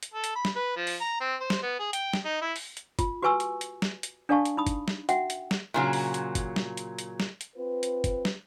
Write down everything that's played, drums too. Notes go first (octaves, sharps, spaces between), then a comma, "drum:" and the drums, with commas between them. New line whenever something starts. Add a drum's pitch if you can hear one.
drum: hi-hat
A4
drum: hi-hat
B5
drum: snare
B4
F3
drum: open hi-hat
A#5
C4
C5
drum: snare
B3
G#4
G5, drum: hi-hat
drum: snare
D#4
E4
drum: open hi-hat
drum: hi-hat
F4, drum: kick, hi-hat
F#4 G4 B4 G#5 C#6 E6
drum: hi-hat
drum: hi-hat
drum: snare
drum: hi-hat
D4 A4 D5 F5 A5 C#6
drum: hi-hat
D#4 B5 D#6
drum: kick, hi-hat
drum: snare
F#4 E5 F#5 G5, drum: hi-hat
drum: hi-hat
drum: snare
A#2 C#3 F#3
drum: open hi-hat
drum: hi-hat
drum: kick, hi-hat
drum: snare
drum: hi-hat
drum: hi-hat
drum: snare
drum: hi-hat
C4 F4 B4
drum: hi-hat
drum: kick, hi-hat
drum: snare